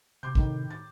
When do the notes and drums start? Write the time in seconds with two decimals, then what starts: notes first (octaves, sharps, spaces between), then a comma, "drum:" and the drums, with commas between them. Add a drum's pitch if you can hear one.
0.23 C3 C6 D6 G6
0.35 A2 D#3, drum: kick
0.70 A6